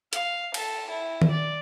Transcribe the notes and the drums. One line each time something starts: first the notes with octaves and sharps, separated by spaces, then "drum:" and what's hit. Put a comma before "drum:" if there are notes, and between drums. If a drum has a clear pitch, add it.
F5, drum: hi-hat
A4, drum: cymbal
E4
drum: tom D#3
D5